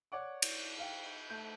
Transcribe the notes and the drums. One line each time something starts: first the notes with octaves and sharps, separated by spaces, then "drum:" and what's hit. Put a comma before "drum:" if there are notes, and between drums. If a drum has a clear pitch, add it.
C#5 D5 F#5 D6
drum: cymbal
F5 G5
A3 G6